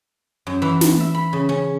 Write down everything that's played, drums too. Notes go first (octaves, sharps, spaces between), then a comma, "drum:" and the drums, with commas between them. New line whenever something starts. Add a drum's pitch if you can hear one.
F#2
E3
drum: snare
E5
B5
C#3
C#4